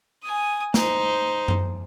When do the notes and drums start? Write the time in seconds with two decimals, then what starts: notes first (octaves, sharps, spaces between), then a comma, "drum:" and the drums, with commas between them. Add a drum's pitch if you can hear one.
0.23 G#5 D#6
0.74 D#4 C5, drum: snare
1.48 drum: tom F#2